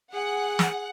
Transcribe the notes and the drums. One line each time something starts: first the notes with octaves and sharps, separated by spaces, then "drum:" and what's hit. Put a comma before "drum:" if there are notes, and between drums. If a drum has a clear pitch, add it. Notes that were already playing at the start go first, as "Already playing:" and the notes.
G#4 F#5
drum: snare